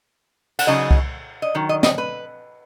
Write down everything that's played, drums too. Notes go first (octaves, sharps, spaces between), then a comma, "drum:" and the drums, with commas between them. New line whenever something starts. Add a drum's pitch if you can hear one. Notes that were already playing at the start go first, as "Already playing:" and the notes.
F#5, drum: cymbal
C#3 F#3 D#4 D#5
drum: kick C2
D#5
D#3 F#3
D#5
D#5, drum: snare
B4